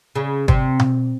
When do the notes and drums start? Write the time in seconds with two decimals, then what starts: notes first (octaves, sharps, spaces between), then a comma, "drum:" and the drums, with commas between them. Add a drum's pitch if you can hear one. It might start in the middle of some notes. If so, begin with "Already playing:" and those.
0.15 C#3
0.48 C3, drum: kick
0.79 drum: tom B2